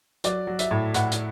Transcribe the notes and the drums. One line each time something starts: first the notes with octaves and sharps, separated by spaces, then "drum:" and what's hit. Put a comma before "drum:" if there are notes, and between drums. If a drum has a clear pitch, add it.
F#3 D5, drum: hi-hat
F#3
E5, drum: hi-hat
A2
A2 F#5, drum: hi-hat
drum: hi-hat